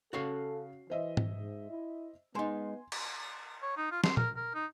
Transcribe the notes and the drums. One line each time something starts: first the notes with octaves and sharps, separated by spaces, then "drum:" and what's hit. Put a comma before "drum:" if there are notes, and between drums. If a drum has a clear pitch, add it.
C#3 F#4 A4 C#5 F5 C7
E3 C5 D#5 E5
drum: tom G#2
G#2
E4
G#3 B3 D#4 G#5 C6
drum: cymbal
C#5
D#4
F4
C6, drum: snare
A#4, drum: tom
A#4
D#4